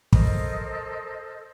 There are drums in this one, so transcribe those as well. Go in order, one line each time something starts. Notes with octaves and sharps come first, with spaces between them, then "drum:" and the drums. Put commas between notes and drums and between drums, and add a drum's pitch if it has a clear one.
A4 A#4 C5 D#5, drum: kick